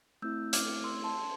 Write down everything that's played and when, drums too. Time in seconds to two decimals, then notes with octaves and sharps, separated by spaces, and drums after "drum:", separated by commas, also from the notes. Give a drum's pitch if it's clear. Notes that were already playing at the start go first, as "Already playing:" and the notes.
0.22 A3 C4 E4 E6 G6
0.53 D6 F6, drum: hi-hat
0.84 C6 E6
1.04 A5 C6